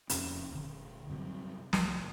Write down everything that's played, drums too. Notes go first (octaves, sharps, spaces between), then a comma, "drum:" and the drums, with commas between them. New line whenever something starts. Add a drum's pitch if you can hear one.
D#1 F2 C3 C#4, drum: hi-hat
D#1 D3
G2 C3 F#3
C2 A2, drum: snare